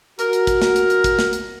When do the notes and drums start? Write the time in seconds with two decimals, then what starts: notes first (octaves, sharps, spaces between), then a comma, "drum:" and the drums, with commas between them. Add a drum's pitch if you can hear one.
0.19 F#4 A#4, drum: hi-hat
0.33 drum: hi-hat
0.47 drum: kick, hi-hat
0.62 drum: snare
0.76 drum: hi-hat
0.90 drum: hi-hat
1.04 drum: kick, hi-hat
1.19 drum: snare
1.33 drum: hi-hat